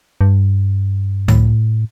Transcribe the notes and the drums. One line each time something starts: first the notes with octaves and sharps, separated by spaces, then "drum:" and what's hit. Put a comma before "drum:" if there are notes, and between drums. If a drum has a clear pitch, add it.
G2
A2, drum: tom C#2